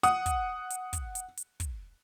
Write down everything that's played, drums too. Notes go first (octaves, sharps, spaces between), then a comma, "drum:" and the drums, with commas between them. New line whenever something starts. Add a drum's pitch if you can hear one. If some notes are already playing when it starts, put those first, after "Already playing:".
F#5 D#6, drum: hi-hat
drum: kick, hi-hat
drum: hi-hat
drum: kick, hi-hat
drum: hi-hat
drum: hi-hat
drum: kick, hi-hat